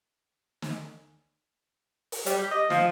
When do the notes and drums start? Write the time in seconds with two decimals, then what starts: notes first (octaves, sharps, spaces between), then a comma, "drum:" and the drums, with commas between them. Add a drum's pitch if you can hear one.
0.62 drum: snare
2.12 drum: open hi-hat
2.26 G3, drum: hi-hat
2.39 G4
2.51 D#5
2.70 F3, drum: snare